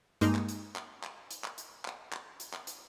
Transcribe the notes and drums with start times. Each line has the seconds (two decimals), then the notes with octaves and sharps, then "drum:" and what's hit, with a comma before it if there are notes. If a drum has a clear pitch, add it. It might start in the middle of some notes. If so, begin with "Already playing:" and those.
0.21 G2 G#3 A#3 D#4, drum: hi-hat
0.35 drum: clap
0.49 drum: hi-hat
0.76 drum: clap
1.03 drum: clap
1.31 drum: hi-hat
1.44 drum: clap
1.58 drum: hi-hat
1.85 drum: clap
2.13 drum: clap
2.40 drum: hi-hat
2.54 drum: clap
2.67 drum: hi-hat